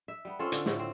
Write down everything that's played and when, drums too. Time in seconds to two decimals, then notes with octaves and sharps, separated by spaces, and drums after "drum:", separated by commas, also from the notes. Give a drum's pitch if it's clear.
0.08 E5
0.25 G3 B3
0.39 C4 C#4 F4 A4
0.52 D3, drum: hi-hat
0.66 A2, drum: snare
0.79 C4